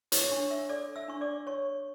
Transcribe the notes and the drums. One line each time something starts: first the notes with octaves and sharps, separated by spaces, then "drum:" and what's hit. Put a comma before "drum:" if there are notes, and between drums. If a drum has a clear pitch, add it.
C#5 C#6, drum: hi-hat
D4 C#5 C#6
E5 E6
A4 D5 D6
E5 E6
D4 C#6
D5 D6
C#5 C#6